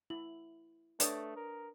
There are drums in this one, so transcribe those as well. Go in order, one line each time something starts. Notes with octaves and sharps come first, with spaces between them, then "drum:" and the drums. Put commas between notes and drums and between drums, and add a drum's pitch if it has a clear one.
E4 F#7
A3 D4 B4 C#5 D5 G5 D#6, drum: hi-hat
A#4